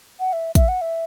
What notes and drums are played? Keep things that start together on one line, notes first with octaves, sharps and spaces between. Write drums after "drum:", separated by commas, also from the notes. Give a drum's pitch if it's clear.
F#5
E5
E5, drum: kick, hi-hat
F#5
E5